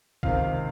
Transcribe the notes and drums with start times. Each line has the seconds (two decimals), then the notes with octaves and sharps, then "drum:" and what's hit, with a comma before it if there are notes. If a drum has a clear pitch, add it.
0.23 C#2 C3 D#3 F5, drum: kick